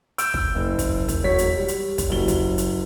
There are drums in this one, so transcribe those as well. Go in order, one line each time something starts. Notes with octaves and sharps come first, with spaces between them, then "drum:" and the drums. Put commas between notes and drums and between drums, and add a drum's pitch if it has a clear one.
E6 G6 D7, drum: hi-hat
drum: kick
F#1
drum: kick, hi-hat
drum: kick, hi-hat
E1 F#3 C#5 B6
drum: hi-hat
G3
drum: hi-hat
drum: kick, hi-hat
F#1 F#3 G7
drum: kick, hi-hat
drum: hi-hat